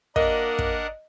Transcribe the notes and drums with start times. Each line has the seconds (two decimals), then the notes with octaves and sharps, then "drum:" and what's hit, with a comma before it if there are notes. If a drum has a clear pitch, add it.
0.16 A#3 D4 A#4 D#5 F#5, drum: kick
0.59 drum: kick